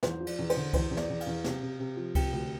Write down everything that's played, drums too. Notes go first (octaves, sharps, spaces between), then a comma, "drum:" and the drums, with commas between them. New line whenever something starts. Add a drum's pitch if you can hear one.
E2 C5, drum: snare
F3
D5, drum: cymbal
E2
C5, drum: cymbal
D3
E2 C5, drum: kick C2, cymbal
E2
D5, drum: snare
E2
F5, drum: cymbal
E2
C3, drum: snare
C3
C3
F3
C3 G5, drum: kick C2, cymbal
D2